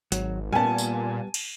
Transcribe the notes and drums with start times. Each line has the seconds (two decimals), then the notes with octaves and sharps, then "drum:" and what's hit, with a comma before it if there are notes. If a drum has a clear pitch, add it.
0.12 G#1 F#3, drum: hi-hat
0.52 A#2 G3 B3 G#5 A5
0.78 drum: tambourine
1.34 drum: cymbal